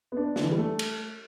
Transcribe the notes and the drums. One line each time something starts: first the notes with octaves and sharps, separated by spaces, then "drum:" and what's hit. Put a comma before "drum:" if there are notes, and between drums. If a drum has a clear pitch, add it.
B3
D4
D3, drum: snare
E3
G3
A3
drum: cymbal